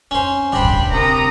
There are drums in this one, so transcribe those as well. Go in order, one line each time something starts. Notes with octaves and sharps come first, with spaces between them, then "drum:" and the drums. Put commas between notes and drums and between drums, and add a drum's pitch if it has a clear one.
F2 C#4 D#4 C5
D1 G2 D3 D4 C5 G5 B5
drum: kick
C3 A#4 A#5 D#6